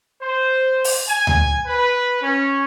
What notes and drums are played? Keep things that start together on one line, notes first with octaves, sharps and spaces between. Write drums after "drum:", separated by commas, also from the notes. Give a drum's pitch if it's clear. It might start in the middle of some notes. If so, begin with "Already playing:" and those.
C5
drum: open hi-hat
G#5
drum: tom D2
B4
C#4